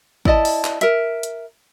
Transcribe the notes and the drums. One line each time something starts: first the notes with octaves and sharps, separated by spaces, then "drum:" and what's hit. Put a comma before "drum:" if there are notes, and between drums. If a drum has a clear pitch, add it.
E4 D5 D#5 A5, drum: kick
drum: open hi-hat
drum: clap
A#4 E5, drum: hi-hat
drum: hi-hat